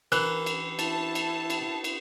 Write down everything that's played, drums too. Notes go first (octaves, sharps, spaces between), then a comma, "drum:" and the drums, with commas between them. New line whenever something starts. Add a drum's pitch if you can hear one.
E3 A#4 F#6, drum: cymbal
drum: cymbal
E4 A5, drum: cymbal
drum: cymbal
drum: cymbal
drum: cymbal